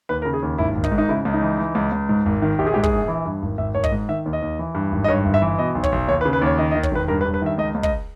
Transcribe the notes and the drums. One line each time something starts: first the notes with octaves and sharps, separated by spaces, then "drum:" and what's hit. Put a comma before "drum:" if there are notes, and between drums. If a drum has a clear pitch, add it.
D#2 B4
A#4
C#3
G#4
D#2
G#1 E4
G#1
D#4, drum: kick
G#2
D#4
C#3 E4
C#2
D#4
E3
E3
C#2
C#2
G#2
G#1
D#3
A#1 G4
G#4
G#2 G4
G#4, drum: kick
A#1
E3
G2
G#1
G#1 E5
G#1 C#5
D#5, drum: kick
G#2
D#3 E5
D#2
D#5
D#2
E3
G2
G#1
D#5
G2 C#5
G1
E5
E3
B2 D#5
B1
C#5, drum: kick
B1
D#2 C#5
B4
C#3
B4
D#2 C#5
D#3 D#5
D#5
D#3
C#5, drum: kick
E1 B4
G2 A#4
B4
G2
B4
D#3 E5
C#2 D#5
C#2
D#5, drum: kick